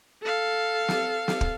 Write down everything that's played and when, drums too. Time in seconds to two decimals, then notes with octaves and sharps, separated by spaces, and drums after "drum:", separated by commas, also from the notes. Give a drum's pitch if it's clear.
0.23 A4 F5
0.88 drum: snare
1.28 drum: snare
1.41 drum: kick